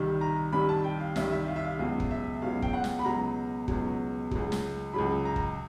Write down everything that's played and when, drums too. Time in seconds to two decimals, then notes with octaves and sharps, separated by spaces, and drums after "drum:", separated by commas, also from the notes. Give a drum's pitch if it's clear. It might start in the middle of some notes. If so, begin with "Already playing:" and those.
Already playing: C2 C3 D#3 G3
0.21 A#5
0.53 C2 C3 D#3 G3 B5
0.69 A5
0.84 G5
1.00 F5
1.16 C2 C3 D#3 G3 E5, drum: snare
1.32 E5
1.48 F5
1.56 E5
1.65 F5
1.78 C#2 B2 F#3 F5
2.00 drum: kick
2.11 E5
2.42 C#2 B2 F#3 F5
2.62 G5, drum: kick
2.73 F#5
2.84 drum: snare
2.99 B5
3.05 C#2 B2 F#3 A#5
3.68 C#2 B2 F#3, drum: kick
4.31 C#2 C#3 F#3, drum: kick
4.52 drum: snare
4.94 C#2 C#3 F#3 B5
5.25 A#5
5.36 drum: kick